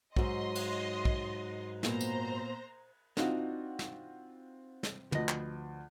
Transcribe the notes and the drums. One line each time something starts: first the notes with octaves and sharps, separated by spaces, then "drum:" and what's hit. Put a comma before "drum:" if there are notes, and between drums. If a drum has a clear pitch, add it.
G#2 F#3 D#5 C6, drum: kick
drum: cymbal
drum: kick
A#2 A#3 B3 C5 A#5, drum: snare
drum: tambourine
C4 D4 D#4 F4 F#4 F#5, drum: snare
drum: snare
drum: snare
D2 F3 B4 D#5, drum: tom
drum: clap